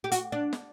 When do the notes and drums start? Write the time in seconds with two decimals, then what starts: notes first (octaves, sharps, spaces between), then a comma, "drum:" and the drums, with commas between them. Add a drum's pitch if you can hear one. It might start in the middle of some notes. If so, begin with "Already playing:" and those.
0.04 G4
0.12 F#4, drum: hi-hat
0.32 D4
0.53 drum: snare